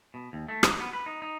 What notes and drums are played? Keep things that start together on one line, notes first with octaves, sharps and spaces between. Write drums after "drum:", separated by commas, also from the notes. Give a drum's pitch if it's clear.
B2
D#2
A3
D#4, drum: rim click
B3
B4
D#4
D#4